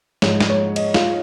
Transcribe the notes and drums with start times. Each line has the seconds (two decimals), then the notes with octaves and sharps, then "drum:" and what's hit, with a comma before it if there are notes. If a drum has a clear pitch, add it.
0.22 G#2 F3 G#3 C#5, drum: snare
0.40 drum: snare
0.50 C#5
0.76 D#5, drum: cymbal
0.94 F4, drum: snare